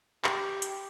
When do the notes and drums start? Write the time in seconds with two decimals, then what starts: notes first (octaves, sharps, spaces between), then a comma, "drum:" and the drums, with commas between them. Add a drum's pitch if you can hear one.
0.24 G4, drum: clap
0.62 drum: hi-hat